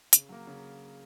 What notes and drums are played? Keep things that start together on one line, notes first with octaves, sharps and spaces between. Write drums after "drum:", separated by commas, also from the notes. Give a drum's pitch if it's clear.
C#3, drum: hi-hat
F#3 A#3
C#3